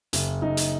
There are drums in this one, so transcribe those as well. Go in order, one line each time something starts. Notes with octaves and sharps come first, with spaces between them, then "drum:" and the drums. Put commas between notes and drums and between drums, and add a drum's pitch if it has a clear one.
F#1, drum: hi-hat
F#1 D#4
drum: hi-hat